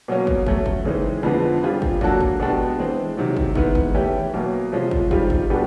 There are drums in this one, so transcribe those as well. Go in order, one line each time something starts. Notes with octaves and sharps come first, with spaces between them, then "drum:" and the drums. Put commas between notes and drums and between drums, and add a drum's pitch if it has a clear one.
B2 F#3 A#3 C#4
drum: kick
F#3 A3 C#4, drum: kick
drum: kick
C#3 E3 G#3 C4 D#4
F2 D3 F3 G#3 B3
G3 C4 F4 G#4 C5
drum: kick
F#3 A#3 D4 F#4 A4, drum: kick
drum: kick
B2 G#3 B3 D4 G4
E3 G#3 C4
C3 D#3 F#3
drum: kick
D#3 G#3 B3 E4, drum: kick
drum: kick
E3 A3 C#4 E4 G4
B2 F#3 A#3
C3 F3 G#3 C#4 F4
drum: kick
D#3 G3 C4 F4, drum: kick
drum: kick
B2 G3 B3 D4 G4